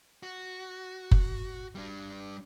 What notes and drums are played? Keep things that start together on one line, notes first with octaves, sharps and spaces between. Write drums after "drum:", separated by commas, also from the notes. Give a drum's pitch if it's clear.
F#4
drum: kick F#1
G3 D4